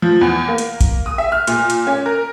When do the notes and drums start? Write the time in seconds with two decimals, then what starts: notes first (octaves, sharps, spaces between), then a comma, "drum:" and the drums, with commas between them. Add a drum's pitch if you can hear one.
0.02 F3
0.21 E2
0.48 A#3
0.58 drum: hi-hat
0.81 drum: kick, hi-hat
1.06 D#6
1.18 E5
1.32 F6
1.47 A#2, drum: hi-hat
1.70 drum: hi-hat
1.87 C#4
2.06 A#4